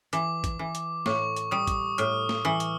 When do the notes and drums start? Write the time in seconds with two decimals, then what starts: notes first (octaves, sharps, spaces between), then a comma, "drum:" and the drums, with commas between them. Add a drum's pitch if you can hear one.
0.13 E3 D6, drum: hi-hat
0.44 drum: kick, hi-hat
0.59 E3
0.75 drum: hi-hat
1.06 A2 C#6, drum: snare
1.37 drum: hi-hat
1.51 G3 D#6
1.67 drum: kick, hi-hat
1.98 A2 F6, drum: hi-hat
2.29 drum: snare
2.45 E3 E6
2.60 drum: hi-hat